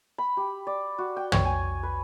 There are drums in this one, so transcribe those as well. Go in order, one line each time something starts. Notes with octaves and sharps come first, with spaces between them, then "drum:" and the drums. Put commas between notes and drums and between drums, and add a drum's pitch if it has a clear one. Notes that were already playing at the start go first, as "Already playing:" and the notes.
B5
G4
D5
F#4
G5
C#5, drum: tom
G#5
B4